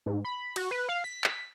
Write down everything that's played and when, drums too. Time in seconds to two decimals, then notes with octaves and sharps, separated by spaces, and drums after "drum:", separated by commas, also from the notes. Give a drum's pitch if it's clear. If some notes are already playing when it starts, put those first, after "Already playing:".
0.06 G#2
0.25 B5
0.56 F#4, drum: cymbal
0.71 B4
0.89 F5
1.04 B6
1.24 drum: clap